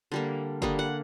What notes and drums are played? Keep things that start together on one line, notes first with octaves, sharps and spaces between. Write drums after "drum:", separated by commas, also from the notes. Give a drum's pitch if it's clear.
D3 G3 A#3
D3 G3 A#3 D#5, drum: kick F#1
F#5